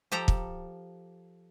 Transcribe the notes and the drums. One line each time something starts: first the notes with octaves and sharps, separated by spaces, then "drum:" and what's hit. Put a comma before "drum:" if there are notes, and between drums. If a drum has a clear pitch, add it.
F3 G4 A4 A#5
drum: kick